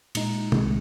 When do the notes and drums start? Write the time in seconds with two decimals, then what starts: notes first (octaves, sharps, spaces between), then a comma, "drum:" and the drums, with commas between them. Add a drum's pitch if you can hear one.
0.15 A#2 G#3 D#4, drum: cymbal
0.52 C2 C3 D#3 G#3, drum: tom